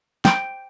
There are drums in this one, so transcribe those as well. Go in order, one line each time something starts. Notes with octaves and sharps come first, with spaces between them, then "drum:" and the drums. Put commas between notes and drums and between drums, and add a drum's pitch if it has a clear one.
G5, drum: snare